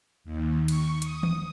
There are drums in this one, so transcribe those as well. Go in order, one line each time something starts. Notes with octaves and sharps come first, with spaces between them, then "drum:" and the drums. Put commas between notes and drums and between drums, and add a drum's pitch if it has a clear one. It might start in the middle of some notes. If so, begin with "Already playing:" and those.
D#2
C#6, drum: cymbal
D#6, drum: hi-hat
drum: tom D#3